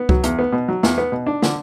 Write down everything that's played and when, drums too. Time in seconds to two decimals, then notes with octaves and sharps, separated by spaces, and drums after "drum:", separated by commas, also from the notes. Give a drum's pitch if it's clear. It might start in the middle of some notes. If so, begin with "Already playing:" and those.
Already playing: B3
0.09 F#3, drum: kick C2
0.24 E2, drum: hi-hat
0.39 B3
0.52 B2
0.68 F#3
0.83 E2, drum: snare
0.98 B3
1.12 B2
1.26 D4
1.42 D3, drum: snare